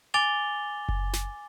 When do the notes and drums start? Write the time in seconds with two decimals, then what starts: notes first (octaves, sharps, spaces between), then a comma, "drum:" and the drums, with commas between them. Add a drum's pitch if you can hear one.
0.14 G#5 D6 A6 F7 G7
0.89 drum: kick F#1
1.13 drum: snare